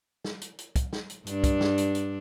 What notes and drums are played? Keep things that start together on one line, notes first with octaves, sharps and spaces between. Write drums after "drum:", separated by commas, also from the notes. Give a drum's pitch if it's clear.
drum: snare
drum: hi-hat
drum: hi-hat
drum: kick, hi-hat
drum: snare
drum: hi-hat
G2 D4, drum: hi-hat
drum: kick, hi-hat
drum: snare
drum: hi-hat
drum: hi-hat